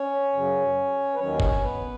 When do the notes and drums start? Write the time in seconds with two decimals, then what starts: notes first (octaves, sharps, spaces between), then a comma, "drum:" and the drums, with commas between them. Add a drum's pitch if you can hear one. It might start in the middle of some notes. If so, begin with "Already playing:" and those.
Already playing: C#4 C#5
0.33 F#2 C#3 F#3
1.15 B4
1.19 D#2 D#3 F#3 C#4 C#5
1.40 drum: kick
1.62 B3 B4